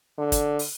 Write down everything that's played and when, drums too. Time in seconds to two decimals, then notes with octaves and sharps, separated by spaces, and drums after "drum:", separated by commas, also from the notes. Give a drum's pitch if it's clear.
0.18 D3
0.32 drum: kick, hi-hat
0.59 drum: open hi-hat